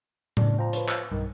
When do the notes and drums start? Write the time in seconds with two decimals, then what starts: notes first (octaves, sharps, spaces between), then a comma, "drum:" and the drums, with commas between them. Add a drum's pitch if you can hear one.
0.37 A2 C#3 D4, drum: tom A2
0.58 F3 G5 A#5
0.73 B4 C#5, drum: hi-hat
0.88 drum: clap
1.11 B1 G2 D#3